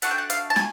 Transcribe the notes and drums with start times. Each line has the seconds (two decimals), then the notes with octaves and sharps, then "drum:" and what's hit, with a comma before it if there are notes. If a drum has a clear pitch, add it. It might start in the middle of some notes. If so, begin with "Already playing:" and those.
0.02 A3 D4 F#4 F#5, drum: hi-hat
0.11 G5
0.18 F#5
0.30 F5, drum: hi-hat
0.50 A5
0.56 G#5, drum: snare